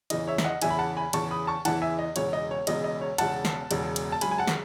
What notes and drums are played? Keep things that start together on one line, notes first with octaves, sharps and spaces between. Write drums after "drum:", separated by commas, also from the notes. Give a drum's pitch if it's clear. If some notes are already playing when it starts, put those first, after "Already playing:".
E2 C#3 E3 D#5, drum: cymbal
C#5 E5
E5, drum: snare
D#5 F#5
E2 C#3 E3 E5 G#5, drum: cymbal
B5
F#5 A5
G#5 B5
E2 C#3 E3 A5 C#6, drum: cymbal
B5 D#6
A5 C#6
E2 C#3 E3 F#5 A5, drum: cymbal
E5 G#5
D#5
E1 E2 C#3 C#5, drum: cymbal
D#5
C#5
E1 E2 C#3 D#5, drum: cymbal
D#5
C#5
E1 E2 C#3 F#5 A5, drum: cymbal
drum: snare
E1 E2 C#3, drum: cymbal
drum: cymbal
A5
F#2 C#3 G#3 G#5 B5, drum: cymbal
G#5
F#5 A5
drum: snare